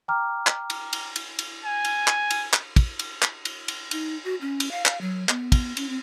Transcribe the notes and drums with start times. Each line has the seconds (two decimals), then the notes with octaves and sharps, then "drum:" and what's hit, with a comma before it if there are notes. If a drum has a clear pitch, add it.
0.08 G5 A#5 D6 F6
0.47 drum: clap
0.70 drum: cymbal
0.93 drum: cymbal
1.16 drum: cymbal
1.39 drum: cymbal
1.65 G#5
1.85 drum: cymbal
2.08 drum: clap
2.30 drum: cymbal
2.53 drum: clap
2.76 drum: kick, cymbal
2.99 drum: cymbal
3.22 drum: clap
3.45 drum: cymbal
3.68 drum: cymbal
3.91 D#4, drum: cymbal
4.24 F#4
4.41 C#4
4.60 drum: cymbal
4.71 F5
4.86 F5, drum: clap
5.01 F#3
5.29 B3, drum: clap
5.52 drum: kick, cymbal
5.77 C#4, drum: cymbal
5.89 C4